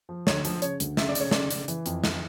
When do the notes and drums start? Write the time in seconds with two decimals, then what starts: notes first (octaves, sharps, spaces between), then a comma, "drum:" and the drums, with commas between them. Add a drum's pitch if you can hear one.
0.09 F3
0.27 D2 C#5, drum: snare
0.45 F3, drum: hi-hat
0.62 C#3 C#5, drum: hi-hat
0.80 D2, drum: hi-hat
0.97 C#3 E5, drum: snare
1.09 D5
1.15 C#3 C#5, drum: hi-hat
1.31 C#3 D5, drum: snare
1.50 C#3, drum: hi-hat
1.68 E3, drum: hi-hat
1.86 F2, drum: hi-hat
2.04 E3, drum: snare